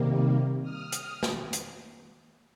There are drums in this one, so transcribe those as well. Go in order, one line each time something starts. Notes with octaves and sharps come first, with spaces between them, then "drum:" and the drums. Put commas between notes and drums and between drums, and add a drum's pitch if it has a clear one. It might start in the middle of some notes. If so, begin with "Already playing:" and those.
Already playing: C3 D#3 G3 A#3
D#6 F6
drum: hi-hat
drum: snare
drum: hi-hat